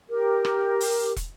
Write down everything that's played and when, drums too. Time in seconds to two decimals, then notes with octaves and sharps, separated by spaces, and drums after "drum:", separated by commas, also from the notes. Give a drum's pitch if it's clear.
0.09 G4 A#4
0.45 drum: rim click
0.81 drum: open hi-hat
1.16 drum: kick, hi-hat